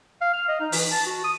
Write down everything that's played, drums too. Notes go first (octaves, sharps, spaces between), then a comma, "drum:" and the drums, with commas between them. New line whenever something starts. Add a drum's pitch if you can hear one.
F5
F6
D#5
D#4
E3, drum: open hi-hat
A5
F#4
D#6